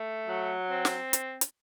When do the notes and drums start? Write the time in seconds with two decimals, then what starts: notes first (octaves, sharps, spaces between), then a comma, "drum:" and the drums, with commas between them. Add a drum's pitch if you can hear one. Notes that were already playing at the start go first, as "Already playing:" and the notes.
Already playing: A3
0.28 F#3
0.71 C4
0.85 drum: snare
1.13 drum: hi-hat
1.41 drum: hi-hat